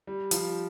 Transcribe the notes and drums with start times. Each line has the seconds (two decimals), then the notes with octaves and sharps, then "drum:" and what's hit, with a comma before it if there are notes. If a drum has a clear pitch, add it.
0.07 G3
0.31 F3, drum: hi-hat